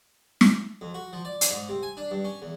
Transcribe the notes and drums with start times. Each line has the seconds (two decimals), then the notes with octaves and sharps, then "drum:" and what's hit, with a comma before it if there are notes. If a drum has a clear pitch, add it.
0.41 drum: snare
0.81 F2
0.94 F#4
1.13 F3
1.25 D5
1.41 drum: hi-hat
1.51 G#2
1.69 C3
1.83 G#5
1.97 D4
2.11 G2
2.25 C#4
2.42 E2